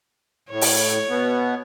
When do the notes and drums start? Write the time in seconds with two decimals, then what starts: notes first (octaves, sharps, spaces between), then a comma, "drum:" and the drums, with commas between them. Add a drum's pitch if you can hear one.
0.51 A2 C#5
0.61 drum: open hi-hat
1.10 B2 B3